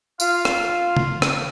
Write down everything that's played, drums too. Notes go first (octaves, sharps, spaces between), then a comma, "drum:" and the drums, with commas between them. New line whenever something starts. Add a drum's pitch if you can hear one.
F4 F5, drum: tambourine
drum: rim click
drum: tom C#3
drum: rim click